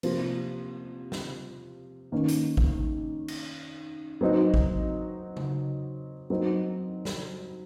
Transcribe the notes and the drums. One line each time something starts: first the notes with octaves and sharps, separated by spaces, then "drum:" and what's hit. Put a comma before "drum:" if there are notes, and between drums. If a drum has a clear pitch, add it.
C3 F3 A#3 F4, drum: cymbal
drum: snare
D#3 A#3 C#4
drum: hi-hat
drum: kick
drum: cymbal
F#3 C4 D#4 F#4
drum: kick
drum: tom C#3
F#3 C4 D#4
drum: snare